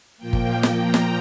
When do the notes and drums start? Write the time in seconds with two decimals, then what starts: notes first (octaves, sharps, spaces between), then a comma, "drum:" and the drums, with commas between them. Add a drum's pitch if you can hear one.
0.17 A#2 F3 A#3 G5
0.33 drum: kick G1
0.63 drum: snare
0.79 A#5
0.94 drum: snare